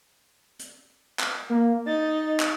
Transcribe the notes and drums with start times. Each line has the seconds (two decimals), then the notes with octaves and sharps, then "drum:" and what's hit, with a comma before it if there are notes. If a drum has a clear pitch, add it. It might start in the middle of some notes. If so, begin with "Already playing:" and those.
0.59 drum: hi-hat
1.20 drum: clap
1.50 A#3
1.87 D#4 A6
2.40 drum: clap